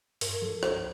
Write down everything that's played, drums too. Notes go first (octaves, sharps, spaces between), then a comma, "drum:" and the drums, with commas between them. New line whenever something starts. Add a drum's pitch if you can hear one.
G2 A#4, drum: open hi-hat
F3 A4
C2 C5, drum: rim click